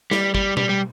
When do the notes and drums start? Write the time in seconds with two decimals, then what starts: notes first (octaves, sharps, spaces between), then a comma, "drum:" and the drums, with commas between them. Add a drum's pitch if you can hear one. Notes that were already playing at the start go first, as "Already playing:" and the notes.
0.11 G3, drum: snare
0.35 G3, drum: kick
0.57 G3, drum: tom B2
0.69 G3